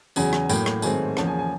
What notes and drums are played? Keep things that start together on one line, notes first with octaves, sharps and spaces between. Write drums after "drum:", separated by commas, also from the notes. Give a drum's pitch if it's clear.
E2 C#3 F#3 G#5, drum: tambourine
drum: rim click
A2 F#3 A#3 G5, drum: tambourine
drum: rim click
G#2 D#3 F#3 A3 C4 G#5, drum: tambourine
E2 C#3 F3 A#3 C#4 A5, drum: rim click
G#5
G#5